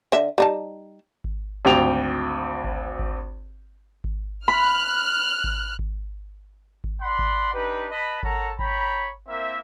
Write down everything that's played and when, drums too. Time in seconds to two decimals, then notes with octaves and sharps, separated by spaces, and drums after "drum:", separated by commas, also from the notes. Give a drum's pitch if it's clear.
0.12 D3 D#5 E5
0.38 G3 D#4 A5
1.24 drum: kick G#1
1.65 G#1 D2 G5 F7
2.64 drum: kick G#1
2.99 drum: kick G#1
4.04 drum: kick G#1
4.48 B5 F6 F#6
5.44 drum: kick G#1
5.79 drum: kick G#1
6.84 drum: kick G#1
7.02 D5 F#5 B5 C6
7.19 drum: kick G#1
7.54 D4 D#4 G4 B4
7.91 B4 D#5 A5 B5
8.23 A4 A#4 C#5 F#5 A5 A#5, drum: kick G#1
8.59 C#5 G5 A#5 B5, drum: kick G#1
9.28 A#3 C4 E4 A#4 E5